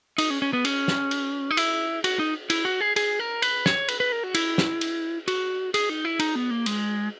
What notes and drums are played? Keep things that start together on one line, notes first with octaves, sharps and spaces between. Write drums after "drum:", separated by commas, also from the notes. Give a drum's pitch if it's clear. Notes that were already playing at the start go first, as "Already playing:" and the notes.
D#4, drum: cymbal
C#4
C#4
B3
C#4, drum: cymbal
drum: snare
drum: cymbal
D#4
E4, drum: cymbal
F#4, drum: cymbal
D#4
E4, drum: cymbal
F#4
G#4
G#4, drum: cymbal
A#4
B4, drum: cymbal
C#5, drum: snare
B4, drum: cymbal
B4
A#4
F#4
E4, drum: cymbal
drum: snare
drum: cymbal
F#4, drum: cymbal
G#4, drum: cymbal
D#4
E4
D#4, drum: cymbal
B3
A#3
G#3, drum: cymbal